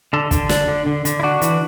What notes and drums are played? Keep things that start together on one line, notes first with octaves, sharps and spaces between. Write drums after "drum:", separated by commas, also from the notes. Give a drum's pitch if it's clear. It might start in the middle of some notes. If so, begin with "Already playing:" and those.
D3 A4
D3, drum: kick, hi-hat
D4, drum: snare
D3
D3
D3, drum: hi-hat
E4
D4 F#4
E3, drum: hi-hat